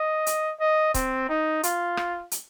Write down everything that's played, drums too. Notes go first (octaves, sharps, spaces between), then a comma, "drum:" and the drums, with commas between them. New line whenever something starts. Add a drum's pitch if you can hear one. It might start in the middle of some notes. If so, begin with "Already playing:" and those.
Already playing: D#5
drum: hi-hat
D#5
C4, drum: kick C#1, hi-hat
D#4
F4, drum: hi-hat
drum: rim click
drum: hi-hat